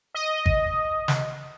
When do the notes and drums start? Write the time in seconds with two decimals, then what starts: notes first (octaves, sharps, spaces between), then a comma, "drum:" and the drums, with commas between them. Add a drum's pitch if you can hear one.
0.14 D#5
0.46 drum: kick G#1
1.08 drum: snare